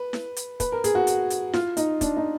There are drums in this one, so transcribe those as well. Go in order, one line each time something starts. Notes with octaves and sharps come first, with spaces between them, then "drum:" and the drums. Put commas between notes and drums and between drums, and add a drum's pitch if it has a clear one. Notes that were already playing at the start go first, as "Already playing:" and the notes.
Already playing: B4
drum: snare E4
drum: hi-hat
B4, drum: kick, hi-hat
A#4
G#4, drum: hi-hat
F#4
drum: hi-hat
drum: hi-hat
F4, drum: snare E4
D#4, drum: hi-hat
D4, drum: kick, hi-hat
D#4